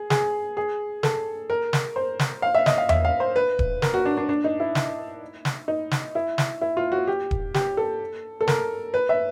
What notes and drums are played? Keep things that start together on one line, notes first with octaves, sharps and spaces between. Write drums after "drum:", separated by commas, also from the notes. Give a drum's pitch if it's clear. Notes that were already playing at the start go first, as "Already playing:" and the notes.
Already playing: G#4
G#4, drum: snare
G#4
A4, drum: snare
A#4
drum: snare
C5
drum: snare
F5
E5
D#5, drum: snare
F5
E5, drum: tom E2
F5
C5
B4
drum: kick D#1
A#4, drum: snare
F#4
D4
D4
D4
D#4
E4
drum: snare
drum: snare
D#4
drum: snare
E4
drum: snare
E4
F4
F#4
G4
drum: kick D#1
G4, drum: snare
A4
A4
A#4, drum: snare
B4
E5